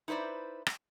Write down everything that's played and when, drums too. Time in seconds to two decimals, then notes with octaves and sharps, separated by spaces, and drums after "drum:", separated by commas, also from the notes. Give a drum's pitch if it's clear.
0.08 D#4 E4 B4 C5 D5
0.67 drum: rim click